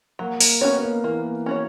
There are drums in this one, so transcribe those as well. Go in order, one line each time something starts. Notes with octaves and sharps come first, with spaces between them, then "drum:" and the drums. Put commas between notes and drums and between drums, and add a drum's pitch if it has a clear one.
F#3 A#3
A#3, drum: open hi-hat
B3 C#4 F#4 C#5
A#3
E3 A#3
C#4 F#4 C#5